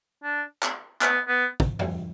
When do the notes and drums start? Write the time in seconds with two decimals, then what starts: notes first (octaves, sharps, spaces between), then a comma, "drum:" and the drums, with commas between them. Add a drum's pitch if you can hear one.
0.24 D4
0.63 drum: clap
1.01 B3, drum: clap
1.28 B3
1.60 drum: kick
1.79 drum: tom F2